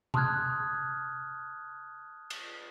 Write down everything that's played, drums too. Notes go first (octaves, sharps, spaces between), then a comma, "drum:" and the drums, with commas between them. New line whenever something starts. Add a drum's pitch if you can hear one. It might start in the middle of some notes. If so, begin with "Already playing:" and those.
A5 C6 D#6 F6 F#6 G#6, drum: tom C3
drum: cymbal